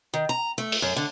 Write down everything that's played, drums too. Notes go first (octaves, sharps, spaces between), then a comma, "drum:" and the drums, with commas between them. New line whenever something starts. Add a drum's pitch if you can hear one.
D#3
A#5
A3
drum: open hi-hat
F#2
D3